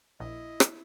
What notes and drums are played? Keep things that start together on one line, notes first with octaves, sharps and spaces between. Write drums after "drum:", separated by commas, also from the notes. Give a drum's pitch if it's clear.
A#1 A#2 E4 D#5
drum: rim click